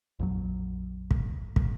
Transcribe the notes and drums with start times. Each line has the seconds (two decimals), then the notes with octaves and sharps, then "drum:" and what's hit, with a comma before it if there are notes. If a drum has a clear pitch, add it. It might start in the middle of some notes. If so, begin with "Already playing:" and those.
0.19 A#1 F2 F#3
1.11 drum: kick
1.56 drum: kick